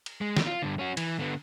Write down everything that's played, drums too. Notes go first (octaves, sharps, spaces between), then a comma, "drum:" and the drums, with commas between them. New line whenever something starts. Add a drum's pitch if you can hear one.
drum: cymbal
G#3
drum: snare
F4
G2 D3
C#4 F#4
E3, drum: cymbal
D3 B3